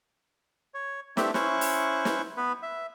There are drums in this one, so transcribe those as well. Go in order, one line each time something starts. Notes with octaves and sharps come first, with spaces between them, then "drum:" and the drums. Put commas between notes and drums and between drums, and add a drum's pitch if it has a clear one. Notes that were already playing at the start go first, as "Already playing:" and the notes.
C#5
A3 C4 D4 G4 E5, drum: snare
C#4 E4 C5 C#6 F#6, drum: snare
drum: open hi-hat
drum: snare
B3 B4
E5